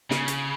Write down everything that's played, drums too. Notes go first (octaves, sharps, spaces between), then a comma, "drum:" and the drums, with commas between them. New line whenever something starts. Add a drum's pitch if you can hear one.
C#3, drum: snare
drum: hi-hat